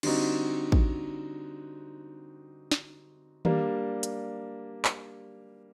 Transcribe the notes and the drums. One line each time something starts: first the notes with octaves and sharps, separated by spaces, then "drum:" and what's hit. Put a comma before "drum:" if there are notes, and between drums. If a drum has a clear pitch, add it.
D3 G3 C4 D#4 F#4, drum: cymbal
drum: kick A1
drum: snare
G3 A#3 D4, drum: tom D#3
drum: hi-hat
drum: clap